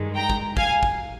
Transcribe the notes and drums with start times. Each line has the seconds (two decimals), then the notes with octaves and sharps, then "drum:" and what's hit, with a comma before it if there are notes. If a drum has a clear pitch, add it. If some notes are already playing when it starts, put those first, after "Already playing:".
Already playing: G2 D#3 G#3
0.16 G5 A#5
0.30 drum: kick
0.57 F5 G#5, drum: kick
0.83 drum: kick